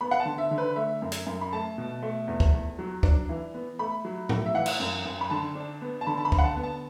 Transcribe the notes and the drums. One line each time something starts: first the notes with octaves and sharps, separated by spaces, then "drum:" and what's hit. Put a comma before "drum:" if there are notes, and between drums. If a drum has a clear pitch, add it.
B3 B5
F#5
A5
D3
E5
D3
B4
A3 E5
F#2
drum: hi-hat
F#2
B5
A3 A5
B2
A3
E2
drum: kick
E2
F#3
D4, drum: kick
E3
B3
A3 B5
F#3
A3, drum: tom A2
E5
E3 F#5
drum: cymbal
F#2
F#2
B5
D3 A5
D4
B3
A5
D3 B5
A5
B5
D3, drum: kick
F#5
A5
B3
A5